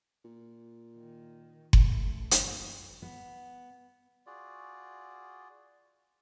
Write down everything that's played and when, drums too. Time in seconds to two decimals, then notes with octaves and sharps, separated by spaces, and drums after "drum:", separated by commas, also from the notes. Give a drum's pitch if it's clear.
0.25 A#2
0.97 D#3
1.73 C#2 A3, drum: kick F#1
2.31 F#2 A#2 E3, drum: hi-hat
3.02 B3
4.26 F4 F#4 G#4 D5